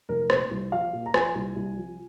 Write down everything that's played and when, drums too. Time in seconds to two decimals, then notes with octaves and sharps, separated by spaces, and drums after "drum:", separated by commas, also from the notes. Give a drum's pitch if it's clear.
0.09 F1 A#4
0.30 A#2 C5, drum: rim click
0.51 C2
0.72 F3 F5
0.93 A#2
1.06 A#5
1.14 F3 G#5, drum: rim click
1.35 C2
1.56 C2
1.77 F3